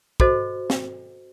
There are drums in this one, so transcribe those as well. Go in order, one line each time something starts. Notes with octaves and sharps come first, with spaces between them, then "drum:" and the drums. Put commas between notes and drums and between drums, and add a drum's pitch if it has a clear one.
F#4 A4 C5 D#5, drum: kick
drum: snare